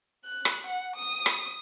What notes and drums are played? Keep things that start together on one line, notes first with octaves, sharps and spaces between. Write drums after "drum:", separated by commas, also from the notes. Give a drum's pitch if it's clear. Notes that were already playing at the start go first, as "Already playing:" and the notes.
F#6
drum: rim click
F#5
D#6
drum: rim click